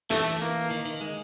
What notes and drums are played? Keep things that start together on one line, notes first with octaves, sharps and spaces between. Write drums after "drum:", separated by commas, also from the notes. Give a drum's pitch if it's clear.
E3 A3, drum: hi-hat
A#3
D#3
D#3
G#3